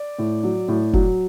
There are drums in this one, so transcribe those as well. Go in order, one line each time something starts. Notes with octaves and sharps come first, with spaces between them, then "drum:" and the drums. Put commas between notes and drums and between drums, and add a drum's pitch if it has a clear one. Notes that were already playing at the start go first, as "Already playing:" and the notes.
Already playing: D5
A2
F#3
A2
F#3, drum: kick F1